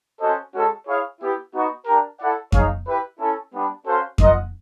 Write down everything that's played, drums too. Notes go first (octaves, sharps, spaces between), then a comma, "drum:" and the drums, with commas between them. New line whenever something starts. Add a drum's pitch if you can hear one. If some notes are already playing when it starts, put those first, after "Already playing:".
C#4 F#4 A4 C5 D#5
G#3 C#4 F#4 A4
E4 G#4 C#5 F5
B3 E4 G4
B3 D#4 F#4
D4 G4 A#4
E4 A4 D5 F#5
D#4 G#4 C#5 F5, drum: kick F2
E4 G4 B4
C#4 E4 A4
G3 B3 D4
C#4 F#4 A4 C5 F5
F4 A#4 D#5 F#5, drum: kick F2